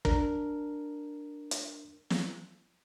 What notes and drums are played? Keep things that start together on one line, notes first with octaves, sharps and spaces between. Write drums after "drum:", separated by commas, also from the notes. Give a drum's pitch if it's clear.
D4 A#4, drum: kick
drum: hi-hat
drum: snare